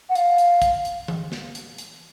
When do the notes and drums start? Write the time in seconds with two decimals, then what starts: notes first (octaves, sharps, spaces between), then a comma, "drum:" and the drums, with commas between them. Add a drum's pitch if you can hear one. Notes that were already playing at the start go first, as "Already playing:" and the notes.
0.09 F#5
0.15 F5, drum: hi-hat
0.38 drum: hi-hat
0.62 drum: kick, hi-hat
0.85 drum: hi-hat
1.08 drum: tom E3
1.32 drum: snare
1.55 drum: hi-hat
1.78 drum: hi-hat